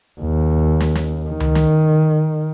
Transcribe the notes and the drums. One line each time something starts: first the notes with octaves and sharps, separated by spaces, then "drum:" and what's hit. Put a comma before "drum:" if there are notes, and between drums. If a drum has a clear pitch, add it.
D#2
drum: snare
drum: snare
D#3
drum: tom C#2
drum: snare